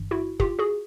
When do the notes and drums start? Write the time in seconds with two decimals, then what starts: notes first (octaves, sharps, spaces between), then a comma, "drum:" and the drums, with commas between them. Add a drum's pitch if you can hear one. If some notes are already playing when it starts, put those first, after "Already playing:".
Already playing: G1 G2 E3
0.11 E4 F#4
0.40 F4 G4, drum: kick
0.59 F#4 G#4